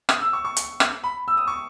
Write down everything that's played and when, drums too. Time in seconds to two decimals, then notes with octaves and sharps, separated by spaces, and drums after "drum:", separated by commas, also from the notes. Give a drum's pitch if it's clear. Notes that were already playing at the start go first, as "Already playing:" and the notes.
0.09 D#6, drum: rim click
0.21 E6
0.33 C#6
0.45 C#6
0.57 drum: hi-hat
0.80 drum: rim click
1.04 B5
1.28 E6
1.37 D#6
1.47 C#6